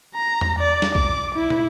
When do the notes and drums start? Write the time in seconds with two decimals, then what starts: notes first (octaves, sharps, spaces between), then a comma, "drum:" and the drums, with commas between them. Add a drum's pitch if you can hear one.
0.14 A#5
0.41 drum: tom E2
0.59 D5
0.82 drum: snare
0.95 D6, drum: kick
1.35 E4
1.50 drum: tom